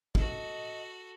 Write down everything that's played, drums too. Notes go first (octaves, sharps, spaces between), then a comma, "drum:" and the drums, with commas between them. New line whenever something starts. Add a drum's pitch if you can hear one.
F#4 A4 D#5, drum: kick